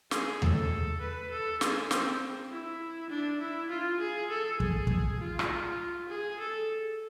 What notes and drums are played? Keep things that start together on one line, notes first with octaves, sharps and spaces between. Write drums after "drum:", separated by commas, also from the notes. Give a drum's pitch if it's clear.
G#4, drum: snare
A4, drum: tom D#2
B4
A4
G#4, drum: snare
C4, drum: snare
E4
D4
E4
F4
G#4
A4
G#4, drum: kick
drum: kick
F4
drum: rim click
G#4
A4